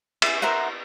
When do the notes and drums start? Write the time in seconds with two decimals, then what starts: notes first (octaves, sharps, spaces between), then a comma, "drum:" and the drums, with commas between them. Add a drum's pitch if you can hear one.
0.22 G#4 E5, drum: cymbal
0.42 A#4 C5 E5 F#5